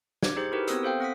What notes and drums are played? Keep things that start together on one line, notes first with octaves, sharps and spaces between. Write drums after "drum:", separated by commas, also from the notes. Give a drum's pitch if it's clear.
D6 G#6, drum: snare
D#4 G4 G#4 C5
E4 F#4 G4 A#4 B4
B3 C4 D#6 E6, drum: hi-hat
A4 C5 F5 G5
C4 F#5 D#6 B6